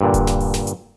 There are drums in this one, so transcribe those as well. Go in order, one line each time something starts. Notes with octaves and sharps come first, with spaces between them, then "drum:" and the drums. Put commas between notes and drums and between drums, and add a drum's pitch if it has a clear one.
G2 A#2 D3
drum: kick D#1, hi-hat
drum: snare
drum: open hi-hat
drum: snare
drum: hi-hat